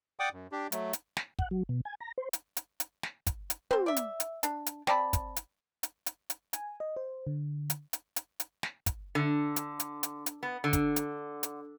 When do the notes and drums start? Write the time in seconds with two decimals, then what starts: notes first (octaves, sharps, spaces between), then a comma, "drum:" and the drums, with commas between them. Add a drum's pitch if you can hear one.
0.20 D5 F#5 G5 D6 D#6
0.33 F#2
0.52 D4 G4
0.72 F#3 A3, drum: hi-hat
0.93 drum: hi-hat
1.17 drum: snare
1.39 F#5, drum: kick
1.51 F#3
1.69 B2
1.85 G#5
2.00 A#5
2.18 C5
2.33 drum: hi-hat
2.57 drum: hi-hat
2.80 drum: hi-hat
3.03 drum: snare
3.27 drum: kick, hi-hat
3.50 drum: hi-hat
3.71 C4 C5, drum: tom
3.86 D5 E5
3.96 drum: hi-hat
4.20 drum: hi-hat
4.43 D4, drum: hi-hat
4.66 drum: hi-hat
4.87 C4 D5 A5 B5, drum: snare
5.13 drum: kick, hi-hat
5.36 drum: hi-hat
5.83 drum: hi-hat
6.06 drum: hi-hat
6.30 drum: hi-hat
6.53 G#5, drum: hi-hat
6.80 D#5
6.96 C5
7.27 D3
7.70 drum: hi-hat
7.93 drum: hi-hat
8.16 drum: hi-hat
8.40 drum: hi-hat
8.63 drum: snare
8.86 drum: kick, hi-hat
9.15 D3
9.56 drum: hi-hat
9.80 drum: hi-hat
10.03 drum: hi-hat
10.26 drum: hi-hat
10.43 B3
10.64 D3
10.73 drum: kick, hi-hat
10.96 drum: hi-hat
11.43 drum: hi-hat